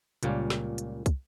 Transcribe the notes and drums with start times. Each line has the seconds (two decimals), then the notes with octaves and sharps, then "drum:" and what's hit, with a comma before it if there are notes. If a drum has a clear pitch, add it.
0.23 C#2 A#2 G3 A#3 C#4, drum: hi-hat
0.50 drum: snare
0.78 drum: hi-hat
1.06 drum: kick, hi-hat